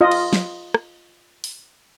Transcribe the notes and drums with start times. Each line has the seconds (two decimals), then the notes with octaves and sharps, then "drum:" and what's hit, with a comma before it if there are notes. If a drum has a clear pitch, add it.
0.01 F4 D#5
0.11 drum: cymbal
0.33 drum: snare
0.74 drum: rim click
1.44 drum: open hi-hat